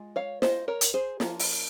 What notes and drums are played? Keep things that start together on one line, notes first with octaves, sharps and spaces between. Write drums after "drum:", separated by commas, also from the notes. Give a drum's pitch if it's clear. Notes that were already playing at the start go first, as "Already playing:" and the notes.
Already playing: G#3 F4
C#5 F5
C5 D#5, drum: snare
A#4 C#5
drum: hi-hat
G#4 C5
F3 A#3 C#4 F4, drum: snare
drum: open hi-hat